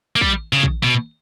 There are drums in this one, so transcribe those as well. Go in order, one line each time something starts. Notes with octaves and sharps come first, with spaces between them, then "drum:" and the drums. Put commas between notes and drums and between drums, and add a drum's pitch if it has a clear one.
A#3
G3, drum: kick
C#3
drum: kick
B2